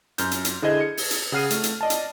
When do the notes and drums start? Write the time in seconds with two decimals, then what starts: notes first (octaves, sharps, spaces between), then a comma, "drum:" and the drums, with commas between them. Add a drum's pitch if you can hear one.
0.18 F#2 F6 G6, drum: hi-hat
0.31 drum: hi-hat
0.45 drum: hi-hat
0.62 D3 E4 G#4 C5 D#5 G#6
0.81 C#7
0.97 drum: open hi-hat
1.11 drum: hi-hat
1.32 C#3 G#4 F#5 F6 C7 D#7
1.50 A3, drum: hi-hat
1.64 drum: hi-hat
1.81 D5 D#5 A5
1.90 drum: hi-hat